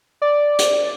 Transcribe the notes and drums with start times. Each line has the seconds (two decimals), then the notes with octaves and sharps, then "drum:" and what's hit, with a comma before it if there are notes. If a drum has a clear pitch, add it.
0.22 D5
0.59 drum: hi-hat